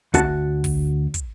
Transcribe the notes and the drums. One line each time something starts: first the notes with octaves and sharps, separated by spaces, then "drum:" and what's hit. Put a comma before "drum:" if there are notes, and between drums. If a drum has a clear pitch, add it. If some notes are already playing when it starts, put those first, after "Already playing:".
D2 F#4 A5, drum: kick, hi-hat
drum: kick, open hi-hat
drum: kick, hi-hat